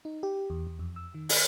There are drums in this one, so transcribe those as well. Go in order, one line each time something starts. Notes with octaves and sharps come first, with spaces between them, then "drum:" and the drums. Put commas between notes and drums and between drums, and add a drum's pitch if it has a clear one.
D#4
G4
E2
E2
F2
E6
D#3
G#5, drum: open hi-hat